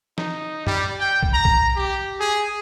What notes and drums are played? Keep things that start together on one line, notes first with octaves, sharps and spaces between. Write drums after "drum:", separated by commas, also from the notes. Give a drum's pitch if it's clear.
D#4, drum: snare
G3, drum: tom F#2
G5
drum: kick
A#5
drum: kick
G4
G#4